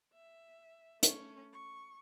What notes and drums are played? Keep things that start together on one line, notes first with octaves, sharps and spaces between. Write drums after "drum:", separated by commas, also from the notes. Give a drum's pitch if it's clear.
E5
A3 C#4, drum: hi-hat
C#6